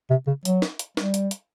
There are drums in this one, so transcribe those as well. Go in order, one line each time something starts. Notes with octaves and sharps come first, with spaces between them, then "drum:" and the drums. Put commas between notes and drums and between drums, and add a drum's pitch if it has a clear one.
C3
C#3
F#3, drum: hi-hat
drum: snare
drum: hi-hat
G3, drum: snare
drum: hi-hat
drum: hi-hat